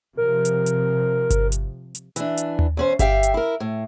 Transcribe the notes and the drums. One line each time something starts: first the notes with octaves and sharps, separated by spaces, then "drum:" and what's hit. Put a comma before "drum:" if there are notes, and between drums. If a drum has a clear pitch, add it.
C3 F3 A#4
drum: hi-hat
drum: hi-hat
drum: kick G1, hi-hat
drum: hi-hat
drum: hi-hat
E3 D4, drum: hi-hat
drum: hi-hat
drum: tom D#2
E2 C#4 C5
G4 E5 F5 G5, drum: kick G1, hi-hat
drum: hi-hat
E4 A#4
A2